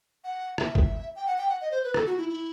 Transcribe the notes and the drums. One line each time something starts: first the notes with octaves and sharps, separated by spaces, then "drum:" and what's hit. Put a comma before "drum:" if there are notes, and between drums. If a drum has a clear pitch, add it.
F#5
E5, drum: rim click
drum: kick
G5
F#5
G5
F#5
D#5
C5
B4
A4, drum: rim click
F#4
E4
E4